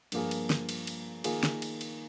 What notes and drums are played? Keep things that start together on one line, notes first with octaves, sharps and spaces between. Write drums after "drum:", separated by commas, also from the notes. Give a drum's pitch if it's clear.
G2 F3 A#3 F4 G#4, drum: cymbal
drum: cymbal
drum: snare
drum: cymbal
drum: cymbal
D#3 A#3 F4 G#4, drum: cymbal
drum: snare
drum: cymbal
drum: cymbal